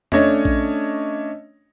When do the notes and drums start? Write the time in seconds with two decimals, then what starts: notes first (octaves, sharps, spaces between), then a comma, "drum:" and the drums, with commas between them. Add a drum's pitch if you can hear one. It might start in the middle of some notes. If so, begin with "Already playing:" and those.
0.12 A3 C#4 D4 C#5 D#5, drum: tom E2
0.45 drum: kick A#1